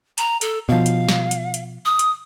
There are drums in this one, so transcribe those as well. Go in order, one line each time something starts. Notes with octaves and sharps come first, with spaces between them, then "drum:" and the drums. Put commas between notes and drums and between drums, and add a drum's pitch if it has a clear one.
A#5, drum: hi-hat
A4, drum: hi-hat
B2 F3 F5
drum: hi-hat
drum: snare
drum: hi-hat
drum: hi-hat
D#6
drum: hi-hat